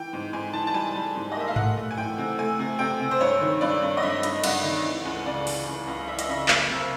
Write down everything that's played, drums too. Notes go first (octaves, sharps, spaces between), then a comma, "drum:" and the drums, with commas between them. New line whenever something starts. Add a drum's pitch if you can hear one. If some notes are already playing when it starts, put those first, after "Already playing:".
Already playing: E3 G5
G#2
G#2 G#5
E3 A5
A5
G3 G#5
G3
G#2
D#5
A#3 E5
F5
A3 F#5, drum: tom G#2
A3
G#5
E3 G5
C3
A3 G#5
C3
C3 G5
C3
C5
G2 C#5
D#3
G2 D5
G2
D#5
G2 E5
G2, drum: hi-hat
G2 F#5, drum: cymbal
D#3
E3
C#2
C#3 D5
E3, drum: open hi-hat
C#2
C#2
E3 E5
D#5, drum: hi-hat
C#3 E5
F#1 F5, drum: clap
C3